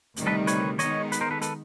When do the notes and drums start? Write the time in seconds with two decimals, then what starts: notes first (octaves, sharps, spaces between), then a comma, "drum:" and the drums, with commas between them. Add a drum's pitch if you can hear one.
0.17 D2 C3 D#3 G3, drum: hi-hat
0.27 A4 B4
0.47 B4 C#5, drum: hi-hat
0.79 D#3 G#3 B3 D#4 C#5 D#5, drum: hi-hat
1.12 B4, drum: hi-hat
1.21 A#4 C5
1.31 A4 B4
1.42 A4 B4, drum: hi-hat